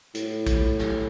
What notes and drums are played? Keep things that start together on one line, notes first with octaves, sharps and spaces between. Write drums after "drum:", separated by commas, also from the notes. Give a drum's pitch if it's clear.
A2, drum: hi-hat
drum: kick A#1, hi-hat
drum: snare